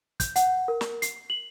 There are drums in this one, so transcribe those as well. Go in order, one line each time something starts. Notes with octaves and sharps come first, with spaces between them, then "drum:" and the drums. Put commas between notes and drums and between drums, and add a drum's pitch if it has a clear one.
G6, drum: kick, hi-hat
F#5, drum: hi-hat
A#4
drum: snare
C7, drum: hi-hat
F#7